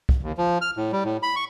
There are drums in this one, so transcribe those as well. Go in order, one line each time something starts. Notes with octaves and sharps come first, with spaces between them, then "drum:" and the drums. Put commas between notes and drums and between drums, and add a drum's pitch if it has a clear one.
drum: kick
D#2
F3
F6
A2
G3
A2
B5
C#6